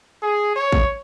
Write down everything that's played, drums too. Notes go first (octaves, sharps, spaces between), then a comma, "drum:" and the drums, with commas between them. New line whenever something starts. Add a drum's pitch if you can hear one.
G#4
C#5
drum: kick